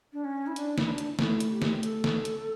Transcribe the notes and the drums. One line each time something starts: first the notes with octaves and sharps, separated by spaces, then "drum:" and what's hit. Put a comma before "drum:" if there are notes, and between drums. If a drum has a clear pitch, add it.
D4
C#4
E4
D4, drum: hi-hat
E4, drum: snare
D4
drum: hi-hat
A3 E4, drum: snare
drum: hi-hat
G4
drum: snare
G4
A4, drum: hi-hat
drum: snare
drum: hi-hat